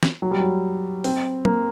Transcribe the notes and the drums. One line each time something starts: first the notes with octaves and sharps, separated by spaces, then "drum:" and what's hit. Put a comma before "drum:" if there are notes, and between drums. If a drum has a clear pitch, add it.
drum: snare
F#3
G3
F#3
C4, drum: open hi-hat
A#3, drum: tom